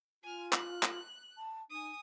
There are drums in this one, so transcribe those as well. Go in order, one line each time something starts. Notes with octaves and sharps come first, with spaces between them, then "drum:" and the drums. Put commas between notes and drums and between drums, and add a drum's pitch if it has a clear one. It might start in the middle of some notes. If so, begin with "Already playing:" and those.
F4 G#5 F6
F#6, drum: clap
drum: clap
A5
D#4 G#5 D#6